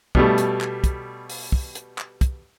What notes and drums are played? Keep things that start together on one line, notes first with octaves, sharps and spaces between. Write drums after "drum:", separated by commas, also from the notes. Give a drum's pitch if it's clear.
B2 G3 A3, drum: kick
drum: hi-hat
drum: clap
drum: kick, hi-hat
drum: open hi-hat
drum: kick
drum: hi-hat
drum: clap
drum: kick, hi-hat